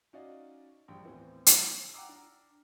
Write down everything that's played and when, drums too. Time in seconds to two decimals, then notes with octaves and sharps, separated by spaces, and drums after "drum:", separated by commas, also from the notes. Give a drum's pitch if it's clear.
0.13 C#4 D#4 F#4 D5 D#5 F5
0.88 A#1 G2 G5
1.04 D#2 A2 E3 B3 C4
1.46 C#5 F#5 A#5 D6 D#6 F6, drum: hi-hat
1.94 F#5 G5 A#5 D6 E6
2.09 D4 A#5